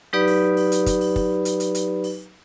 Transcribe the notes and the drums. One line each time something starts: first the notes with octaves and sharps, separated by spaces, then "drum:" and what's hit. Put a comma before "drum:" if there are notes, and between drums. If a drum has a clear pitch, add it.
F#3 D#4 G4 B4 D5 B5
drum: open hi-hat
drum: open hi-hat
drum: hi-hat
drum: kick, hi-hat
drum: open hi-hat
drum: kick, open hi-hat
drum: hi-hat
drum: hi-hat
drum: hi-hat
drum: open hi-hat